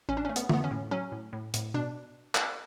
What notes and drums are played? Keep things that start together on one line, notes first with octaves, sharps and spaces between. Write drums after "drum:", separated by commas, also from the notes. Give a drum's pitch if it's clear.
A1 C#4
D4
A3 C#4
B3, drum: hi-hat
A3 B3, drum: tom D3
C#4
A2
F#3 C#4
A2
A2
A2, drum: hi-hat
B2 D4
drum: clap